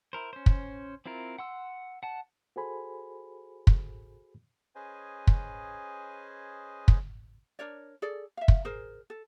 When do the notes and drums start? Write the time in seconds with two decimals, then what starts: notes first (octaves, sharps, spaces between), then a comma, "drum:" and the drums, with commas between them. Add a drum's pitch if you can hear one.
0.13 E4 A#4 C5
0.33 C#4 C5
0.46 drum: kick
1.06 C4 E4 F4 A#4
1.38 F#5 C6 E6
2.03 F#5 A5
2.56 F#4 G#4 A4 C5 G#5 B5
3.67 drum: kick
4.75 C#4 G#4 B4 C5 D#5 G#5
5.27 drum: kick
6.88 drum: kick
7.59 D4 A#4 C#5 D5
8.02 G#4 A4 D5
8.37 E5 F5
8.48 drum: kick
8.65 G#4 A#4 C5
9.10 A4